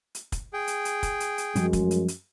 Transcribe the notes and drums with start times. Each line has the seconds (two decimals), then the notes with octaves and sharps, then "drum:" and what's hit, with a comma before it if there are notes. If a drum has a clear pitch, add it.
0.15 drum: hi-hat
0.32 drum: kick, hi-hat
0.53 G#4 G5
0.67 drum: hi-hat
0.85 drum: hi-hat
1.03 drum: kick, hi-hat
1.20 drum: hi-hat
1.38 drum: hi-hat
1.55 F#2 F3 G3 G#3 C#4, drum: hi-hat
1.73 drum: kick, hi-hat
1.91 drum: hi-hat
2.08 drum: hi-hat